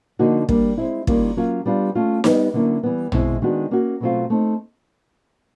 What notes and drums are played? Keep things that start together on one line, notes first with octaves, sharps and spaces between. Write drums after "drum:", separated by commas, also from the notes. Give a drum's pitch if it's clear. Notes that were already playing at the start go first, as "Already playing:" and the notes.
D3 F3 A#3 D#4 F#4
G3 A#3 D4, drum: kick
G#3 C4 E4
D#3 G3 A#3 C#4 F4, drum: kick
F#3 A#3 C#4 F4
G3 B3 D4 F4
A3 C#4 F4
G3 B3 D#4 G4 B4, drum: snare
D3 F#3 A#3 C#4 E4
E3 G3 B3
B2 G#3 C4 E4, drum: tom A#1
D#3 G#3 B3 D4 F#4
A#3 C#4 F#4
B2 F#3 A3 C4 F4
A3 C4 D#4